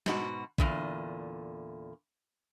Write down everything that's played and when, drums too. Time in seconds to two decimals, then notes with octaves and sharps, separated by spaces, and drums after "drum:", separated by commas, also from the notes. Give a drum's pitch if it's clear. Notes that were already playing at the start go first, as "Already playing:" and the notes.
0.06 G#2 B2 F#4, drum: snare
0.58 E2 A#2 D3, drum: kick A#1